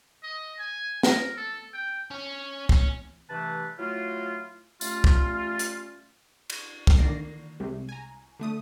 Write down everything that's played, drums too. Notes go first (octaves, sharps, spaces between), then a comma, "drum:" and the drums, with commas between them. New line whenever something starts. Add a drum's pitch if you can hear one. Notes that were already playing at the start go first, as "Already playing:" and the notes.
D#5
G#5
A#4, drum: snare
A4
G5
C#4
C#4, drum: kick
G2 C3 E3 A3 B4 A5
F#3 A3 E4 F4
G3 A3 C#4 F4, drum: tambourine
drum: kick
drum: hi-hat
drum: cymbal
drum: kick
D3 D#3 A#3 D5 A#6 C7
C2 C3 G#3
G#5 A#5
D3 A3 D#6